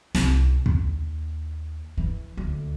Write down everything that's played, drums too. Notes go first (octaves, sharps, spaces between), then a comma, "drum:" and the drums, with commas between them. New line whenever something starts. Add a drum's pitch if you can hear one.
C2, drum: snare
D#2, drum: kick
E3
D2